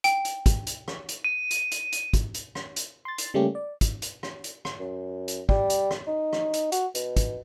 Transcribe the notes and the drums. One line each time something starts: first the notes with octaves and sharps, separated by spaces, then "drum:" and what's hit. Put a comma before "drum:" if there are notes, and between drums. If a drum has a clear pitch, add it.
G5, drum: hi-hat
drum: hi-hat
drum: kick, hi-hat
drum: hi-hat
drum: rim click
drum: hi-hat
D#7
drum: hi-hat
drum: hi-hat
drum: hi-hat
drum: kick, hi-hat
drum: hi-hat
drum: rim click
drum: hi-hat
C6 A6
drum: hi-hat
C#3 G3 A3 A#3 C#4 G4
D5
drum: kick, hi-hat
drum: hi-hat
drum: rim click
drum: hi-hat
drum: rim click
F#2
drum: hi-hat
G3, drum: kick
drum: hi-hat
drum: rim click
D#4
drum: rim click
drum: hi-hat
F#4, drum: hi-hat
B2, drum: hi-hat
drum: kick, hi-hat